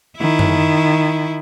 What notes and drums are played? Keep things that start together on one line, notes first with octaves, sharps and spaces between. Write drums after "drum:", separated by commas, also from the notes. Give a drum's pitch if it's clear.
D#3 E4
drum: tom F#2